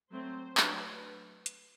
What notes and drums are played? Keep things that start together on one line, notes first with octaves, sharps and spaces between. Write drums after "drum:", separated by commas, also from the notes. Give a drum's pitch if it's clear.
F#3 A3 C4 C5
F#3 A3 D4 B4, drum: clap
drum: hi-hat